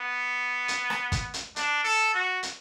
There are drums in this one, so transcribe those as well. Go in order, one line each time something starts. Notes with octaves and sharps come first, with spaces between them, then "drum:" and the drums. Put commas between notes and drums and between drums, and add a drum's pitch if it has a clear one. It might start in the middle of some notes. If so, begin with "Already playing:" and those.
Already playing: B3
drum: hi-hat
drum: rim click
drum: kick, hi-hat
drum: hi-hat
D4, drum: hi-hat
A4
F#4
drum: hi-hat